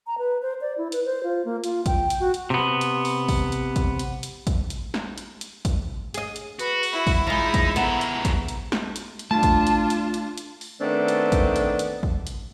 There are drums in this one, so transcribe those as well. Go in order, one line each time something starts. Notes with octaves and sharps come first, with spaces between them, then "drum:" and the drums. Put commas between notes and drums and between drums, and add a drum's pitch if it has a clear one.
A#5
B4
C5
D5
E4
B4, drum: hi-hat
C5
F4
A#3
F4, drum: hi-hat
G5, drum: kick, hi-hat
drum: hi-hat
F#4
drum: hi-hat
C3 B3
drum: hi-hat
drum: open hi-hat
drum: kick, open hi-hat
drum: hi-hat
drum: kick, hi-hat
drum: hi-hat
drum: hi-hat
drum: kick, hi-hat
drum: hi-hat
drum: snare
drum: hi-hat
drum: hi-hat
drum: kick, hi-hat
G#4 D#5, drum: hi-hat
drum: hi-hat
F#4 B4, drum: hi-hat
drum: open hi-hat
E4 B5
drum: kick, open hi-hat
F3 G#3 D#4
drum: kick, hi-hat
C#3 B3 A4 A#5, drum: hi-hat
drum: hi-hat
drum: kick, hi-hat
drum: hi-hat
drum: snare
drum: hi-hat
drum: hi-hat
A3 D4 F4 A5
drum: kick, hi-hat
drum: hi-hat
drum: hi-hat
drum: hi-hat
drum: hi-hat
drum: open hi-hat
D#3 A3 B3 C4 D4
drum: hi-hat
drum: kick, hi-hat
drum: hi-hat
drum: hi-hat
drum: kick
drum: hi-hat